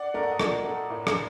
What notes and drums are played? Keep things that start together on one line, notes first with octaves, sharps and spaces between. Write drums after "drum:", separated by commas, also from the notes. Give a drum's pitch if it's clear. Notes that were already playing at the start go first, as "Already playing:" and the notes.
Already playing: D5 F#5
A3 A#4 D5
F#5
D#5
A#2 A#4 D5, drum: rim click
A3
A2
drum: rim click